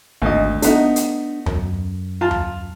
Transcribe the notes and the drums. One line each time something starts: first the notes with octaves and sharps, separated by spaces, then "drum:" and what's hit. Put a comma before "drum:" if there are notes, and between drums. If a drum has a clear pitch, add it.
G#1 D2 D#5
A3 B3 D4 D#4, drum: hi-hat
drum: hi-hat
F#2, drum: tom D#2
F4 A5
drum: tom D#2